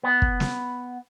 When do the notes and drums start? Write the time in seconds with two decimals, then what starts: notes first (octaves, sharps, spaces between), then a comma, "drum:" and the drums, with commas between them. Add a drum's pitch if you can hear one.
0.03 B3
0.22 drum: kick
0.40 drum: snare